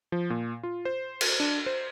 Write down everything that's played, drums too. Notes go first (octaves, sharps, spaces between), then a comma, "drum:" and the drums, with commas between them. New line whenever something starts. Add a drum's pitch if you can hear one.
F3
A#2
F4
C5
drum: cymbal
D4
C5